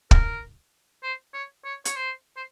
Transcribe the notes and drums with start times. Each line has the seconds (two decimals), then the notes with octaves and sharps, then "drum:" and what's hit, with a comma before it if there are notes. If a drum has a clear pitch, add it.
0.11 A#4, drum: kick
1.03 C5
1.33 C#5
1.64 C#5
1.85 C#5, drum: hi-hat
1.96 C5
2.36 C5